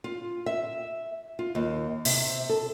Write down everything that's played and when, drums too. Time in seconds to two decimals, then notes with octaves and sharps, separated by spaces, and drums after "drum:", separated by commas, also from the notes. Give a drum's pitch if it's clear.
0.04 F4
0.46 E5
1.39 F4
1.55 D#2
2.05 C3, drum: open hi-hat
2.49 A4